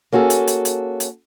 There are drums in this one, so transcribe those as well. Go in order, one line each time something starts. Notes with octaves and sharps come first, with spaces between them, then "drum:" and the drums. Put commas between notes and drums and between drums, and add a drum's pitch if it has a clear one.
A#3 C#4 F#4 G#4 A4
drum: hi-hat
drum: hi-hat
drum: hi-hat
drum: hi-hat